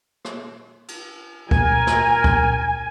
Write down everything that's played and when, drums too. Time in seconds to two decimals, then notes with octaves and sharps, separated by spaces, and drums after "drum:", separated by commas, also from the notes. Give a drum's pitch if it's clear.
0.25 drum: rim click
0.88 drum: cymbal
1.51 A#4 G#5, drum: kick C#2
1.87 drum: snare
2.24 drum: kick C#2